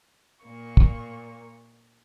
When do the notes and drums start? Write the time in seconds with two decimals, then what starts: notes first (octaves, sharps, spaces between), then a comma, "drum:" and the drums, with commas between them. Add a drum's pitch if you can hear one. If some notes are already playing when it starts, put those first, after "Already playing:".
0.42 A#2 A#3 C#6
0.77 drum: kick